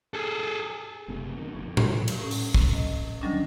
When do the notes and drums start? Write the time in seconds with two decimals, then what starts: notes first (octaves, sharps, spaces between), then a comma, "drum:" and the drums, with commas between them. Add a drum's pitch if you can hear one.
0.14 G#4 A4
1.08 F#1 C3 A3
1.36 B2 D#3
1.53 F#1 B2
1.65 F2
1.77 G#2 E3, drum: tom A2
2.08 drum: cymbal
2.18 A2 C#4
2.31 drum: open hi-hat
2.54 drum: kick
2.73 D#5
3.22 D3 D#3 F#3 G3 C#4 D4